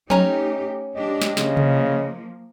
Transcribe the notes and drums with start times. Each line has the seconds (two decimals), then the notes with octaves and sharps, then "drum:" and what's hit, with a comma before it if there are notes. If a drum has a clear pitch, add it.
0.10 A3 C#4 D#4 G4 A#5, drum: tom F3
0.96 G#3 D4 G4 D#5
1.22 drum: snare
1.37 C#3 F3 A#3, drum: snare
1.57 drum: tom C3